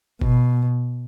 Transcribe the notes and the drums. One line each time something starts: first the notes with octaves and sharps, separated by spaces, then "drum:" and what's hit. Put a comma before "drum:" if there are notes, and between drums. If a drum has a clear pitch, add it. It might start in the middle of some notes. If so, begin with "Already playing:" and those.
B2, drum: kick G1